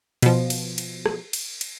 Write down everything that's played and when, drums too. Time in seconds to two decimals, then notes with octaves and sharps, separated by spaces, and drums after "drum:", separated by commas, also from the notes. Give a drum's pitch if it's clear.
0.22 B2 F3, drum: cymbal
0.50 drum: cymbal
0.78 drum: cymbal
1.06 drum: rim click
1.33 drum: cymbal
1.61 drum: cymbal